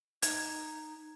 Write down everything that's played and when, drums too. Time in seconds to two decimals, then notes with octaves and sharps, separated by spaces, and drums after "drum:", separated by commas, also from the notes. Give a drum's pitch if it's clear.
0.22 D#4 G#6, drum: hi-hat